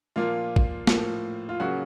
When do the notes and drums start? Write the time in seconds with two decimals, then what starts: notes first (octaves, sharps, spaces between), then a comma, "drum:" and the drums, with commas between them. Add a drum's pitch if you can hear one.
0.16 A#2 F3 A#3 F4
0.56 drum: kick
0.87 A2 F3 A#3, drum: snare
1.49 F4
1.60 C#3 F#3 A#3 F#4